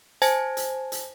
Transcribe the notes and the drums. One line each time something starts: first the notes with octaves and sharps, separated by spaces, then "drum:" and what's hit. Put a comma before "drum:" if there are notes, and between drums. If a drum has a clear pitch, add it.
C5 G#5 A5 G#6 A#6, drum: hi-hat
drum: hi-hat
drum: hi-hat